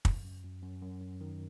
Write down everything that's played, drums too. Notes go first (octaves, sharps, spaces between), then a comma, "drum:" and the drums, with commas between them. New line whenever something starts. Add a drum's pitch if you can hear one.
F#2, drum: kick
F#2
F#2
F#2
F#2
F#2
D#3